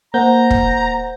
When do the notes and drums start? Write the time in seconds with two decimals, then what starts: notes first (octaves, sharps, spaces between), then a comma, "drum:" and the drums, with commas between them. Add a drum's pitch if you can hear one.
0.14 A#3 C5 F#5 A#5 G6
0.50 drum: kick